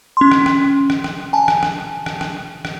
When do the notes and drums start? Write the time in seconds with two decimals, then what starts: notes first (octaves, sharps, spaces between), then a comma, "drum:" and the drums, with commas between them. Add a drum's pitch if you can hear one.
0.17 C#4 C6
0.31 drum: rim click
0.46 drum: rim click
0.90 drum: rim click
1.04 drum: rim click
1.33 G#5 A5
1.48 drum: rim click
1.63 drum: rim click
2.06 drum: rim click
2.21 drum: rim click
2.65 drum: rim click